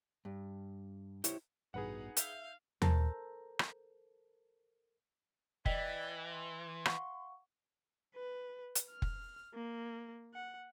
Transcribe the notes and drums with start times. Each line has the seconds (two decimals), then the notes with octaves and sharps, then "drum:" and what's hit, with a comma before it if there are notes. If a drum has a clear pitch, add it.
0.25 G2
1.24 E4 G4 C5 C#5, drum: hi-hat
1.74 A1 G2 B2 D#4 G#4 B4 F#5
2.17 E5 F5 G6, drum: hi-hat
2.82 A4 A#4 C5 A5 A#5, drum: tom
3.59 drum: rim click
5.66 E3 D5 D#5 G5 B6, drum: kick F1
6.29 C6
6.85 F5 F#5 C#6, drum: rim click
8.15 B4
8.75 drum: hi-hat
8.91 F6
9.02 drum: kick F1
9.54 A#3
10.34 F#5